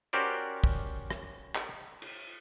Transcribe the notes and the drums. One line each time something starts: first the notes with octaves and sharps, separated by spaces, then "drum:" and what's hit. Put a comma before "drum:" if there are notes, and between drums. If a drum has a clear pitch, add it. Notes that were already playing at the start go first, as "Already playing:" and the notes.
C#4 F#4 G4 A#4 C5 D5
drum: kick
drum: rim click
drum: clap
drum: cymbal